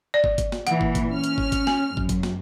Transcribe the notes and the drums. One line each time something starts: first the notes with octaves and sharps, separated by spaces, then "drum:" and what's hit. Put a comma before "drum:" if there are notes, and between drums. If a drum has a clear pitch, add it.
D5
drum: kick
drum: kick, hi-hat
drum: snare
A#2 E3 F#5, drum: hi-hat
drum: kick
drum: kick, hi-hat
C#4 F6
drum: hi-hat
drum: kick
drum: kick, hi-hat
G#5, drum: snare
F#2, drum: kick
drum: kick, hi-hat
drum: snare